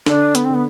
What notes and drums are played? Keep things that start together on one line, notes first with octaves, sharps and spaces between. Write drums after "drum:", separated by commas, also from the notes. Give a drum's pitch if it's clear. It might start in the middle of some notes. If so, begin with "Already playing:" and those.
D3 D4, drum: snare
B3, drum: hi-hat
C4
D3 B3